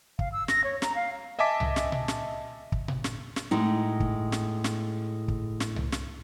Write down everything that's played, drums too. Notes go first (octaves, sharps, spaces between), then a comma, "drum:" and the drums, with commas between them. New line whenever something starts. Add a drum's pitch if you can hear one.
F5, drum: kick
E6
A#6, drum: snare
C#5
A#5, drum: snare
F5
D#5 E5 G#5 A5 D6 B6
drum: tom C2
drum: snare
drum: tom A#2
drum: snare
drum: kick
drum: tom A#2
drum: snare
drum: snare
A2 G#3 D#4
drum: kick
drum: snare
drum: snare
drum: kick
drum: snare
drum: tom C2
drum: snare